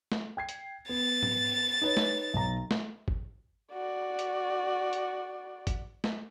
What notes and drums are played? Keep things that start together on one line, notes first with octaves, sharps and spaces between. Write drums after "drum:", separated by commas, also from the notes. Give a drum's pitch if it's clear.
drum: snare A3
G5 G#6 C7
drum: hi-hat
B3 A6
drum: tom G#2
D#4 B4 C#5
drum: snare A3
B1 A#5
drum: snare A3
drum: kick
F#4 D5
drum: hi-hat
drum: hi-hat
drum: kick, hi-hat
drum: snare A3